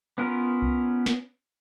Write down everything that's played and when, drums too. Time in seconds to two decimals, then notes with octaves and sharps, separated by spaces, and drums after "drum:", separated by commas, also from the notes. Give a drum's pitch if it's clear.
0.18 B3 C#4 E4 F4 A#4
0.62 drum: kick C2
1.06 drum: snare